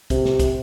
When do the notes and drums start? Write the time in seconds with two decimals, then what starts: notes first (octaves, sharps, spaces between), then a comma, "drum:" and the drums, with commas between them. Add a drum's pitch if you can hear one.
0.10 C3, drum: kick, hi-hat
0.25 drum: snare
0.39 drum: kick, hi-hat